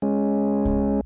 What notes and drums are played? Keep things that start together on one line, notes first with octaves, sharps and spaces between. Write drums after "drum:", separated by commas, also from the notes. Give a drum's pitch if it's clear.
G#3 C#4
drum: kick C2